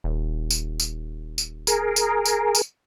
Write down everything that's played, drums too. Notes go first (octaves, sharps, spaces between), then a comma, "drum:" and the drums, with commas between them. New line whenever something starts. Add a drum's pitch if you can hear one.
D#1
drum: tambourine
drum: tambourine
drum: tambourine
G#4 A#4, drum: tambourine
drum: tambourine
drum: tambourine
drum: tambourine